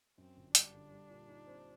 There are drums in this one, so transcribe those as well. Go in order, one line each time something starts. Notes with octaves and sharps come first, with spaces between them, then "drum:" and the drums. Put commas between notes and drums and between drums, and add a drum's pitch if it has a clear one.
F#2 C4
G1
G3 D4, drum: hi-hat
D3
G3
A#2
D#4
C4